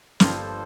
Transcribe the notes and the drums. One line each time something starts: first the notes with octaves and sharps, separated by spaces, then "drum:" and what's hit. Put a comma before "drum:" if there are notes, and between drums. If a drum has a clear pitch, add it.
G1 G2 F3 A#3 F4 A4 C5, drum: snare